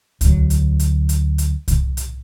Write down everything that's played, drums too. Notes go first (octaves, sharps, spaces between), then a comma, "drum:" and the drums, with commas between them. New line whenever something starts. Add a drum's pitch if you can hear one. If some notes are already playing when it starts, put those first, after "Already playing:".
D2 F#3, drum: kick C2, hi-hat
drum: hi-hat
drum: hi-hat
drum: hi-hat
drum: hi-hat
drum: kick C2, hi-hat
drum: hi-hat